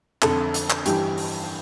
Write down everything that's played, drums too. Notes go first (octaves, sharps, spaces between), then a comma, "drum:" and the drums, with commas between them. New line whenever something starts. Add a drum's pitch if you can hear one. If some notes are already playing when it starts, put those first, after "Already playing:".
F2 D3 A4, drum: clap
drum: hi-hat
drum: clap
G2 E3 G4, drum: hi-hat
drum: open hi-hat